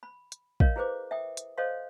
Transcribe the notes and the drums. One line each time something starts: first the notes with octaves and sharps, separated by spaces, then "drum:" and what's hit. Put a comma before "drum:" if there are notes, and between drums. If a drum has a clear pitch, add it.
B5
drum: hi-hat
A#4 C#5 D#5 F5, drum: kick
E4 G#4 B4 C5 D6
E5 G5 D#6
drum: hi-hat
A4 C5 C#5 D#5 F5 C6